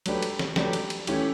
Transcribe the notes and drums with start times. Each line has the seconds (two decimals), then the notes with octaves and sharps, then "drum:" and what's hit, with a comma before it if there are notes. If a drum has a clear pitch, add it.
0.06 F#3 A3 D4 G4 B4, drum: cymbal
0.22 drum: cymbal
0.39 drum: snare
0.56 F#3 A3 D4 G4 B4, drum: snare
0.73 drum: cymbal
0.90 drum: cymbal
1.07 E3 A3 C#4 E4 G4, drum: cymbal